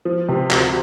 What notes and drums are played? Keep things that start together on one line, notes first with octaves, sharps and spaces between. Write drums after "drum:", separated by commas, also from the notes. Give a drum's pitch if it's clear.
F3
C3
D2, drum: clap